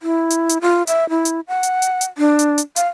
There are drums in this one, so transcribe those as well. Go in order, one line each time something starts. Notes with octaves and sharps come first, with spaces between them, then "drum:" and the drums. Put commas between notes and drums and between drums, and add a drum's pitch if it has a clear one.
E4
drum: hi-hat
drum: hi-hat
F4
E5, drum: hi-hat
E4
drum: hi-hat
F#5
drum: hi-hat
drum: hi-hat
drum: hi-hat
D4
drum: hi-hat
drum: hi-hat
F5, drum: hi-hat